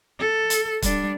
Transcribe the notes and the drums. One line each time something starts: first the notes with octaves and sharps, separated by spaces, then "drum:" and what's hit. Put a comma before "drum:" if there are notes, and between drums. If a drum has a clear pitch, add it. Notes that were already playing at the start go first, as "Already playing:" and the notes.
A4
drum: hi-hat
G3 D4, drum: kick, hi-hat